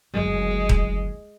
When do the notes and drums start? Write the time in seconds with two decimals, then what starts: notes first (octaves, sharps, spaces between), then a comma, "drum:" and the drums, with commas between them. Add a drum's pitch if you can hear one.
0.14 F#1 D2 G#3
0.69 drum: kick D#1